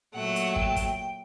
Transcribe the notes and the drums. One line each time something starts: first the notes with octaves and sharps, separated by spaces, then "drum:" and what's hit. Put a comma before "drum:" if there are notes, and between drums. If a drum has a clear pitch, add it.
A#2 F#3 A3 F#5
drum: hi-hat
G5, drum: kick
drum: kick, hi-hat